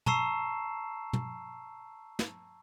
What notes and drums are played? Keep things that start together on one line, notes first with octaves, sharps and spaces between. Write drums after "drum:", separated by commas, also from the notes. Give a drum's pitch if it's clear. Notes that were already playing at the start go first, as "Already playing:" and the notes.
A5 A#5 C#6 E6 C7 E7, drum: tom
drum: tom
drum: snare